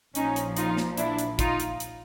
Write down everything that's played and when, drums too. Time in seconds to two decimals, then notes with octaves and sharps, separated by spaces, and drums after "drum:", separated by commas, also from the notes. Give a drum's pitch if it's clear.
0.15 A#1 A#2 F3 C#4 D#4, drum: hi-hat
0.36 drum: hi-hat
0.57 D#4 F4, drum: hi-hat
0.77 drum: snare
0.97 D4 E4, drum: hi-hat
1.19 drum: hi-hat
1.39 D#4 F4, drum: kick, hi-hat
1.60 drum: hi-hat
1.80 drum: hi-hat